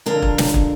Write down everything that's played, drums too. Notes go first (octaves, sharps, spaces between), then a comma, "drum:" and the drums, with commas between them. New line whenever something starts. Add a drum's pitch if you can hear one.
F2 D3 G#3 A#4
drum: kick
drum: snare
drum: kick